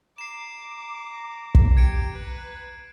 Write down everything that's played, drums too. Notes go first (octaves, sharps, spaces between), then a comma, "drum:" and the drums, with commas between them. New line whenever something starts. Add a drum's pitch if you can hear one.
A#5 D6 C7 E7
drum: kick
G4 G#6 C#7 D7
B4